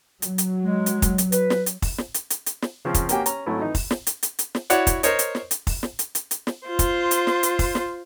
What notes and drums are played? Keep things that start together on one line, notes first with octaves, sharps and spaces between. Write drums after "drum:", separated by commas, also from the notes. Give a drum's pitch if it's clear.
F#3, drum: hi-hat
drum: hi-hat
G#3
drum: hi-hat
drum: kick, hi-hat
drum: hi-hat
B4, drum: hi-hat
drum: snare
drum: hi-hat
drum: kick, open hi-hat
drum: snare
drum: hi-hat
drum: hi-hat
drum: hi-hat
drum: snare
C#3 F3 C4
drum: kick, hi-hat
A#3 C#4 F#4 G4 G5 G#5, drum: hi-hat
C#4 A#5, drum: hi-hat
G#1 F#3 A3 C#4 E4
E3 D#4
drum: kick, open hi-hat
drum: snare
drum: hi-hat
drum: hi-hat
drum: hi-hat
drum: snare
E4 F#4 C#5 D5 F#5, drum: hi-hat
drum: kick, hi-hat
A#4 C5 C#5 D#5, drum: hi-hat
drum: hi-hat
drum: snare
drum: hi-hat
drum: kick, open hi-hat
drum: snare
drum: hi-hat
drum: hi-hat
drum: hi-hat
drum: snare
F4 C5
drum: kick, hi-hat
drum: hi-hat
drum: snare
drum: hi-hat
drum: kick, open hi-hat
drum: snare